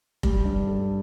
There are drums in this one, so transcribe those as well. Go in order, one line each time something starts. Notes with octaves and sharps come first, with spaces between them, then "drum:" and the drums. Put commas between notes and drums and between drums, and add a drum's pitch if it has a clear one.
G3, drum: kick F1
G2
A4